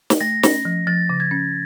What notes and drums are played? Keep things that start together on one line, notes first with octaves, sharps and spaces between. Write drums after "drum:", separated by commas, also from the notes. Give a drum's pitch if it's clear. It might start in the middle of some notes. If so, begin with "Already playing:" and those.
drum: snare
A3 A#6
C#4, drum: snare
F3
F3 A6
C#3
G#6
C#4